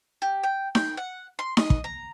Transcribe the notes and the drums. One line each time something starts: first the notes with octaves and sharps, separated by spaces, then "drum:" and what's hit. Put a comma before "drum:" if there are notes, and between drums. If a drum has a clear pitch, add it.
G4
G5
G5, drum: snare D#4
F#5
C6
D#5, drum: snare D#4
drum: kick
A#5